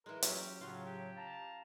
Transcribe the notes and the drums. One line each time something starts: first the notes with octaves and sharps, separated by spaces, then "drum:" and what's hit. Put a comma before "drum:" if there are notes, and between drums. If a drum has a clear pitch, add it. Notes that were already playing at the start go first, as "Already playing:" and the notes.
E3 G#3 A#4
F#3 C#4 G4, drum: hi-hat
A2 C#3 F#3 F4 F#4
G4
F5 A5 A#5